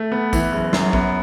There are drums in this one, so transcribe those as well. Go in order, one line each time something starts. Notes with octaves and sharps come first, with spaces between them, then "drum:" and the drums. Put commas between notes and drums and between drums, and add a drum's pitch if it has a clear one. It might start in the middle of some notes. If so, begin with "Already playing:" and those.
Already playing: A3
B3
E3, drum: kick A#1, tambourine
F#1
F#2, drum: snare
B3, drum: kick A#1